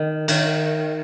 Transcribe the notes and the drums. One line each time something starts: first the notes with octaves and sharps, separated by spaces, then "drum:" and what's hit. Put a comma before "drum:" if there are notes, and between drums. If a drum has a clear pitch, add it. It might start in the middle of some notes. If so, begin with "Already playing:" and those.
Already playing: D#3
D#3, drum: cymbal